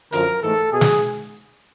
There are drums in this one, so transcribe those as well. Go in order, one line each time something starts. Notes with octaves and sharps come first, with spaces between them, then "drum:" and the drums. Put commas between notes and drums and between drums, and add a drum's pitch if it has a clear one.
F#2 D3 F3 A#4, drum: hi-hat
G#2 E3 A3 A4
B2 G#4
drum: snare